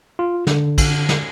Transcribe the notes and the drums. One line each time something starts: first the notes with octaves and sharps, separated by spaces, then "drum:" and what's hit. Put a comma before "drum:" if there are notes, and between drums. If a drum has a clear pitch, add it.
F4
D3, drum: snare
drum: kick, cymbal
drum: snare